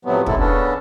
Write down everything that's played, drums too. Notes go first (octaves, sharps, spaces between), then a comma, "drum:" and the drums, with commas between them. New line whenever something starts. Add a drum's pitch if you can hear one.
A2 C3 F3 F#3 B3
C3 D#3 G#3 E4 A4, drum: kick
C#3 B3 C#4 D4 A4